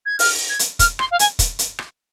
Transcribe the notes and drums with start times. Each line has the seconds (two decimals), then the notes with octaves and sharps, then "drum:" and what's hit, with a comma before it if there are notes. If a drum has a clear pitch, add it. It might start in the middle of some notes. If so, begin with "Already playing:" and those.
0.06 G#6
0.19 F6, drum: open hi-hat
0.49 G#6
0.59 drum: hi-hat
0.79 F6, drum: kick, hi-hat
0.99 C6, drum: rim click
1.11 F5
1.19 G#5, drum: hi-hat
1.39 drum: kick, hi-hat
1.59 drum: hi-hat
1.79 drum: rim click